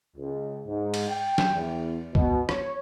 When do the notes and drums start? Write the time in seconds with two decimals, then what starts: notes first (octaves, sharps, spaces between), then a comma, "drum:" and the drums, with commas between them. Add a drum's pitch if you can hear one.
0.17 C#2
0.66 G#2
0.94 drum: cymbal
1.09 G5
1.38 drum: snare
1.54 E2
2.15 B2, drum: kick
2.49 C#5, drum: rim click